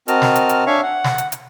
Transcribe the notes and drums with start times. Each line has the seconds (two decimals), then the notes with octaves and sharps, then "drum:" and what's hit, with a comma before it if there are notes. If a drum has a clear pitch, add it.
0.08 C4 F#4 A#4 D#5 A5 F6, drum: hi-hat
0.22 drum: snare
0.35 drum: hi-hat
0.49 drum: hi-hat
0.67 D4 C#5 E5 F5 G#5 C#6
0.83 F#5
1.04 drum: snare
1.18 drum: hi-hat
1.32 drum: hi-hat